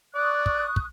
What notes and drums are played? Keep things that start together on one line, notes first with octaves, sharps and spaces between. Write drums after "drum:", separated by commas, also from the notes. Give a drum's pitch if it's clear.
D5 C#6 D#6 F#6
drum: kick
drum: kick